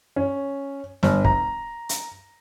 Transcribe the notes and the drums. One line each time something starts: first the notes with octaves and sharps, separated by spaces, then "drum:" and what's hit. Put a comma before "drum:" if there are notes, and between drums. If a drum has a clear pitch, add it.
C#4
G1, drum: snare
A#5, drum: kick
drum: hi-hat